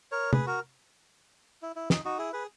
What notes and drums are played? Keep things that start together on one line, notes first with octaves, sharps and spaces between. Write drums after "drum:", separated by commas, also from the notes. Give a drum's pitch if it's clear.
A#4 C#5
G#4 B4, drum: tom C3
F#4 A#4
E4
E4
D#4, drum: snare
D#4 F#4
E4 G#4
G#4 B4